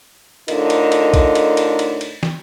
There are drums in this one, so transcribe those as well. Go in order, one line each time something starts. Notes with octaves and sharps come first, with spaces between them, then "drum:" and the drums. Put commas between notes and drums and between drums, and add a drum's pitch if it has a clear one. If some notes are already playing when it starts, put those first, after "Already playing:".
A2 D3 D#4 F4 A#4 D#5, drum: cymbal
drum: cymbal
drum: cymbal
drum: kick, cymbal
drum: cymbal
drum: cymbal
drum: cymbal
drum: cymbal
drum: snare